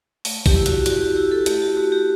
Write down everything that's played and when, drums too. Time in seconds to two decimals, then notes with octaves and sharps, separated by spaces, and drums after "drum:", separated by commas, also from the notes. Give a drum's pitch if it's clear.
0.25 A3, drum: open hi-hat
0.46 G4, drum: kick, open hi-hat
0.56 E4
0.66 F#4, drum: hi-hat
0.86 E4 F#4, drum: hi-hat
1.01 G4
1.16 E4 G4
1.31 A4
1.46 A3 G4, drum: hi-hat
1.62 F#4
1.77 F#4 G4
1.92 G4